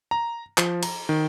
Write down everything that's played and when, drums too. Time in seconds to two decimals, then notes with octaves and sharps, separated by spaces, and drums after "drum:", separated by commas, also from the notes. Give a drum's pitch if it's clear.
0.11 A#5
0.58 F3, drum: clap
0.83 A#5, drum: cymbal
1.09 D#3